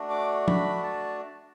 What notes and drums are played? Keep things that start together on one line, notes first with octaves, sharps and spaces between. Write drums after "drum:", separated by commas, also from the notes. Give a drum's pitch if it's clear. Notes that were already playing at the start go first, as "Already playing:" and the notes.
Already playing: A3 D4 F#4
D6
B5, drum: tom F3
A5